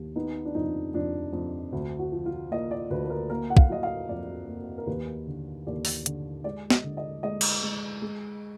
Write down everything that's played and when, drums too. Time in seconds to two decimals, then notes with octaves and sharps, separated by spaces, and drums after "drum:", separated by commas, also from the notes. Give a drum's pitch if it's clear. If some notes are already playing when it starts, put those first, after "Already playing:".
Already playing: D#2
0.16 B3 D#4
0.45 D4
0.55 F2 D#4
0.94 F2 D4
1.33 F2
1.72 D2
1.99 F#4
2.12 F3
2.26 F4
2.51 A#3 D#5
2.71 D5
2.90 D2 B4
3.05 B4
3.10 A#4
3.30 A#3 A#4
3.50 F#5
3.57 F5, drum: kick
3.69 F#3 D#5
3.83 F5
4.09 F2 D5
4.49 A#3
4.78 A#4
4.87 D#2 B4
5.27 D3
5.67 D#2 D5
5.85 drum: open hi-hat
6.06 D3, drum: hi-hat
6.44 G#3 D5
6.70 D#5, drum: snare
6.84 D3
6.97 D#5
7.23 G#3 D#5
7.41 drum: cymbal
7.63 G#3
8.02 G#3